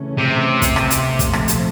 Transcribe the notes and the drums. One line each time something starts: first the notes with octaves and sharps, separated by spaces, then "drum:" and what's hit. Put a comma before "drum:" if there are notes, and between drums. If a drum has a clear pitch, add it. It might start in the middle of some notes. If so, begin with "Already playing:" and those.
Already playing: C#3 E3 A3 C#4
C3
drum: kick, hi-hat
drum: rim click
drum: hi-hat
A#2 F3 A3 C4
drum: kick, hi-hat
drum: rim click
drum: hi-hat